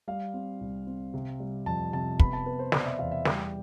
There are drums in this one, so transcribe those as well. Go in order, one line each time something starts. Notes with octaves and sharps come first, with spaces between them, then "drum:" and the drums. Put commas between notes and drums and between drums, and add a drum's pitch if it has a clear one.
G3 F5
C4
C2
C4
C3
G3
F2 A5
C3 A5
B3 B5, drum: kick
A5
B3 B4
C5
B2 D5, drum: snare
E5
E2 F5
E5
G3 G5, drum: snare